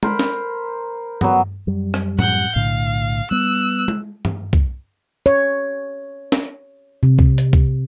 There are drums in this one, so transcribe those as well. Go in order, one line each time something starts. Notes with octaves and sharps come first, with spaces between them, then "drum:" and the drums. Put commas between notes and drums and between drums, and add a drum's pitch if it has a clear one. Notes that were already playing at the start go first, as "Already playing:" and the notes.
A#4 C5 B5, drum: tom G#3
drum: snare
F#3 B3, drum: tom G2
F#2 G3
drum: rim click
F#5 G6, drum: tom A2
B1 A2 D3 F5
G3 B3 E6 F#6
drum: tom G#3
drum: tom G2
drum: kick
C#5
drum: snare
C3
drum: kick
drum: hi-hat
drum: kick